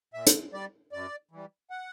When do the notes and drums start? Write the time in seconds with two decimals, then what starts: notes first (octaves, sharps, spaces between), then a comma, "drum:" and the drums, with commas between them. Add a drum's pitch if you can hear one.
0.14 A#2 E5
0.27 drum: hi-hat
0.53 G3 D5
0.92 F#2 D5
1.31 E3 G3
1.70 F#5